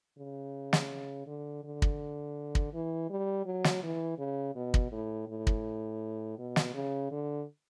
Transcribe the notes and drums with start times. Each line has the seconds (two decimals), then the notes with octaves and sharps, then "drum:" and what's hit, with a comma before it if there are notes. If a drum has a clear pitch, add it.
0.19 C#3
0.73 drum: snare
1.27 D3
1.64 D3
1.82 drum: kick
2.55 drum: kick
2.73 E3
3.10 G3
3.46 F#3
3.64 drum: snare
3.83 E3
4.18 C#3
4.55 B2
4.74 drum: kick
4.92 A2
5.28 A2
5.47 drum: kick
6.38 B2
6.56 drum: snare
6.74 C#3
7.11 D3